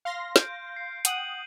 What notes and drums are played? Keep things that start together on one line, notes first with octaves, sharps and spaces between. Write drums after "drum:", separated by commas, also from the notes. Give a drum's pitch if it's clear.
F5 C6 A#6
G6 D7, drum: snare
C7
F#5 G5 D#6 D#7 F#7, drum: hi-hat